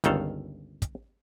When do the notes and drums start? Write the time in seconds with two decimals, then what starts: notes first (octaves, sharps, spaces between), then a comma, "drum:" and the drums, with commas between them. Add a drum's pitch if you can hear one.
0.04 G1 C#2 D#3 A4 F5, drum: hi-hat
0.82 drum: kick, hi-hat